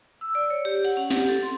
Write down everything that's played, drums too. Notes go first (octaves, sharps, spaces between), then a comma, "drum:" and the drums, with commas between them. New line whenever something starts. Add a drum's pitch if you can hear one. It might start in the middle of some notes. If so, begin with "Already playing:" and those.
E6
D5
C#5
G4
F#5, drum: cymbal
C#4
G4, drum: snare
A4
C6